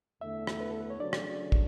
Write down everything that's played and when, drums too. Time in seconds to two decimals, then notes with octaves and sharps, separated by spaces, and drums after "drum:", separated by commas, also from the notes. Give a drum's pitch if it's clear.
0.21 E2 D3 A3 E5
0.47 drum: rim click
0.60 B4
0.71 A4
0.80 B4
0.90 C#5
1.00 C#3 F#3 A3 D4 D5
1.13 drum: rim click
1.52 drum: kick